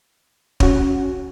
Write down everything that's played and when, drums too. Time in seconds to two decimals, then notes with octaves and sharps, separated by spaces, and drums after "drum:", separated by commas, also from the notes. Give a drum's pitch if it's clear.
0.60 C#4 F#4, drum: kick